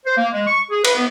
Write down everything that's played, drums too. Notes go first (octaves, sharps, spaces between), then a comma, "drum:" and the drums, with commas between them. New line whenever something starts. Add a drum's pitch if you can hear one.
C5
A#3
G#3
C#6
G#4
B4, drum: cymbal
B3